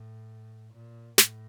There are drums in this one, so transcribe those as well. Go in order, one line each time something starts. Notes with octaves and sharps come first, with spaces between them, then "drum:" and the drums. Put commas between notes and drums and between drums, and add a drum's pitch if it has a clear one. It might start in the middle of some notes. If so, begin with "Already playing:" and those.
Already playing: A2
A#2
A2, drum: snare